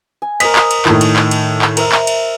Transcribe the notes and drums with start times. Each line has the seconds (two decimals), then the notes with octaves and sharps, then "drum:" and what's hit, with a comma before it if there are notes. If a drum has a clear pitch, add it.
0.22 G#5
0.40 A#4 C5 D#5 B6, drum: cymbal
0.55 drum: clap
0.71 drum: cymbal
0.85 A2 D#3 A5 C6 C#6, drum: clap
1.01 drum: cymbal
1.16 drum: clap
1.31 drum: cymbal
1.62 drum: clap
1.77 A#4 C5 E5, drum: cymbal
1.92 drum: clap
2.07 drum: cymbal